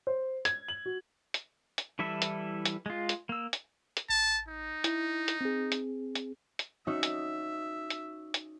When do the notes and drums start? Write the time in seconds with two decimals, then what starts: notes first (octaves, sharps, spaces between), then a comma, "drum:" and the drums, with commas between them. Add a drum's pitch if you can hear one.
0.07 C5
0.45 G#6, drum: hi-hat
0.68 F#7
0.86 F#4
1.34 drum: hi-hat
1.78 drum: hi-hat
1.99 E3 G3 E4 A4 E5
2.22 drum: hi-hat
2.65 drum: hi-hat
2.86 G#3 F4
3.09 drum: hi-hat
3.29 A#3 E6
3.53 drum: hi-hat
3.97 drum: hi-hat
4.09 A1 A5
4.48 D#4
4.84 E4, drum: hi-hat
5.28 drum: hi-hat
5.41 C4 G#4
5.72 drum: hi-hat
6.15 drum: hi-hat
6.59 drum: hi-hat
6.87 C#4 D#4 F#4 E5
7.03 drum: hi-hat
7.90 drum: hi-hat
8.34 drum: hi-hat